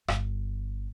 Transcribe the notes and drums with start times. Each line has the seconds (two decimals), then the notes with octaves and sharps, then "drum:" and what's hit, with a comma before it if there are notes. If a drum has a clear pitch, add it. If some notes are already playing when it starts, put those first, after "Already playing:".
0.08 G1, drum: rim click